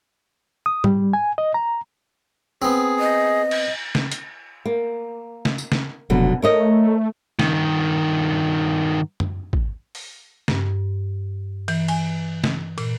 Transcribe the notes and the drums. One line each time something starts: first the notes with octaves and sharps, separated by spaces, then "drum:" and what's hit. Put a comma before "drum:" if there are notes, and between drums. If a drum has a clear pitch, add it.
D#6
G3, drum: tom
G#5
D#5
A#5
B3 C4 G#4
D#5
drum: cymbal
drum: snare
drum: hi-hat
A#3
drum: snare
drum: tambourine
drum: snare
F1 B2 D3 F#3
A3 A#4 C#5 D#5
G2 D#3, drum: snare
drum: tom F#2
drum: kick
drum: open hi-hat
G2, drum: snare
E3, drum: cymbal
G#5, drum: cymbal
drum: snare
A#2, drum: cymbal